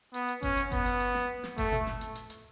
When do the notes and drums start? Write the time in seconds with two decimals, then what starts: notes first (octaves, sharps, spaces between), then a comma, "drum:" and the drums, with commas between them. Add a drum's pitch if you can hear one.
0.14 B3, drum: hi-hat
0.28 drum: hi-hat
0.43 C#4, drum: kick G1, hi-hat
0.57 drum: hi-hat
0.71 B3, drum: kick G1, hi-hat
0.86 drum: hi-hat
1.00 drum: hi-hat
1.15 drum: snare
1.43 drum: snare
1.58 A3, drum: kick G1, hi-hat
1.72 drum: tom A2
1.87 drum: snare
2.01 drum: hi-hat
2.15 drum: hi-hat
2.30 drum: hi-hat